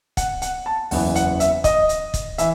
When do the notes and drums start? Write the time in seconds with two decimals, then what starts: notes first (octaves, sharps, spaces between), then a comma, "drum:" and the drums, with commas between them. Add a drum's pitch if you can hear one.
0.17 F#5, drum: kick, hi-hat
0.42 F#5, drum: hi-hat
0.66 A5
0.91 F#1 E2 C#3 E3 F#5, drum: open hi-hat
1.16 F#5, drum: hi-hat
1.40 E5, drum: hi-hat
1.64 D#5, drum: kick, hi-hat
1.89 drum: hi-hat
2.14 drum: kick, hi-hat
2.38 E3 E5, drum: hi-hat